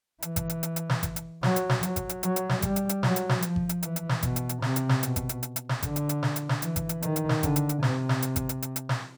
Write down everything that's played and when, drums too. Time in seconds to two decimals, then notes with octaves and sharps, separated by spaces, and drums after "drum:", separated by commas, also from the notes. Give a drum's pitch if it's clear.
0.22 E3, drum: hi-hat
0.36 drum: kick G#1, hi-hat
0.49 drum: hi-hat
0.63 drum: hi-hat
0.76 drum: hi-hat
0.89 drum: snare
1.03 drum: kick G#1, hi-hat
1.16 drum: hi-hat
1.43 F#3, drum: snare
1.56 drum: hi-hat
1.69 drum: snare
1.83 F#3, drum: hi-hat
1.96 drum: kick G#1, hi-hat
2.09 drum: hi-hat
2.23 F#3, drum: hi-hat
2.36 drum: hi-hat
2.49 drum: snare
2.62 G3, drum: kick G#1, hi-hat
2.76 drum: hi-hat
2.89 drum: hi-hat
3.03 F#3, drum: snare
3.16 drum: hi-hat
3.29 drum: snare
3.42 F3, drum: hi-hat
3.56 drum: kick G#1
3.69 drum: hi-hat
3.83 E3, drum: hi-hat
3.96 drum: hi-hat
4.09 drum: snare
4.23 B2, drum: kick G#1, hi-hat
4.36 drum: hi-hat
4.49 drum: hi-hat
4.62 C3, drum: snare
4.76 drum: hi-hat
4.89 drum: snare
5.03 B2, drum: hi-hat
5.16 drum: kick G#1, hi-hat
5.29 drum: hi-hat
5.43 drum: hi-hat
5.56 drum: hi-hat
5.69 drum: snare
5.83 D3, drum: kick G#1, hi-hat
5.96 drum: hi-hat
6.09 drum: hi-hat
6.23 drum: snare
6.36 drum: hi-hat
6.49 drum: snare
6.62 E3, drum: hi-hat
6.76 drum: kick G#1, hi-hat
6.89 drum: hi-hat
7.02 D#3, drum: hi-hat
7.16 drum: hi-hat
7.29 drum: snare
7.43 D3, drum: kick G#1, hi-hat
7.56 drum: hi-hat
7.69 drum: hi-hat
7.83 C3, drum: snare
8.09 drum: snare
8.22 drum: hi-hat
8.36 drum: kick G#1, hi-hat
8.49 drum: hi-hat
8.62 drum: hi-hat
8.76 drum: hi-hat
8.89 drum: snare